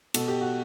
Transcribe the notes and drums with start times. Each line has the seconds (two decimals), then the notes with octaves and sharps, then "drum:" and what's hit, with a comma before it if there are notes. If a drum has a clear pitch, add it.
0.14 B2 A4, drum: cymbal
0.28 G4
0.41 F#4